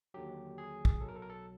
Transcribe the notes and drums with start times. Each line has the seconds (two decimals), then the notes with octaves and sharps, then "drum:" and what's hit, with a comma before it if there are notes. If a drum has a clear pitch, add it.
0.14 D#2 D3 F#3 G4
0.58 G#4
0.85 drum: kick
1.01 B1 B2 F#3 A4
1.08 A#4
1.16 A4
1.22 A#4
1.29 A4